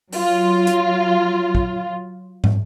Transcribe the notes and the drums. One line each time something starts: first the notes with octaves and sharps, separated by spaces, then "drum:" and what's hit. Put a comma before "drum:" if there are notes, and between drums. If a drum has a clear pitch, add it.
F#3 F4, drum: open hi-hat
drum: hi-hat
drum: kick
drum: tom